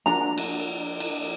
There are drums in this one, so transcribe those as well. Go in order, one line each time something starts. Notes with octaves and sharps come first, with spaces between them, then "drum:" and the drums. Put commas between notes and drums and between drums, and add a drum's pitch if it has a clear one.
F3 A#3 D4 F#4 A#5
drum: cymbal
drum: cymbal